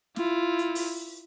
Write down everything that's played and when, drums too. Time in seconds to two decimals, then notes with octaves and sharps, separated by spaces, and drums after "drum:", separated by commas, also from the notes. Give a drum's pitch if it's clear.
0.16 E4 F4, drum: snare
0.59 drum: hi-hat
0.75 drum: open hi-hat